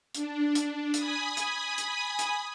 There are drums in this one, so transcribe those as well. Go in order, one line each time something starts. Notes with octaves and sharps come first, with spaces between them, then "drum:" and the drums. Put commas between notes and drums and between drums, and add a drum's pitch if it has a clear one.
D4, drum: hi-hat
drum: hi-hat
G#5 B5 D#6, drum: hi-hat
drum: hi-hat
drum: hi-hat
drum: hi-hat